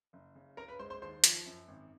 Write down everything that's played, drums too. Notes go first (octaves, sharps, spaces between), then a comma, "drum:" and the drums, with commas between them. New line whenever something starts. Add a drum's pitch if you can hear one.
F#1
C#3
C#3 A#4 A#5
B4 B5
G#3 C5 C6
C5 C6
D#2 C5 C6
F3, drum: hi-hat
F#2
G#1